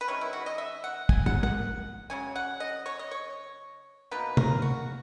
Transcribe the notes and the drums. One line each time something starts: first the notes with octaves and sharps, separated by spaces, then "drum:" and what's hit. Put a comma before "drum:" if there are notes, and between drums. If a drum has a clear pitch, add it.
B4
D#3 G#3 C#4 E4 C#5
E4
F#4
D#5
E5
F#5
G#5, drum: kick
F#5, drum: tom
F#5, drum: tom
C#3 F#3 C#4 G#5
F#5
D#5
C#5
D#5
C#5
B2 A#3 D#4 B4
A#4, drum: tom C3
F#4